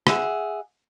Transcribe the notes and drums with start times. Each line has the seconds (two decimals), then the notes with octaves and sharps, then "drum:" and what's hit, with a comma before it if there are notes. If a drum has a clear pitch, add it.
0.07 G#4 E5 F#5, drum: rim click